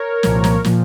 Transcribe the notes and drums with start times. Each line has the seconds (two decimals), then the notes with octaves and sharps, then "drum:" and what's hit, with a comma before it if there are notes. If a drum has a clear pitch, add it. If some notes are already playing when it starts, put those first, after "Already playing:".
Already playing: A#4 C#5
0.23 C2 A#2 F3, drum: snare
0.44 drum: snare
0.64 A#2 F3, drum: snare